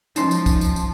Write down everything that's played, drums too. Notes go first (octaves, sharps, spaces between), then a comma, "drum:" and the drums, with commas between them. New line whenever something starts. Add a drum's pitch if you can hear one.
F3 C#4 D#4 A5 C6, drum: tambourine
drum: tambourine
drum: kick, tambourine
drum: tambourine
drum: tambourine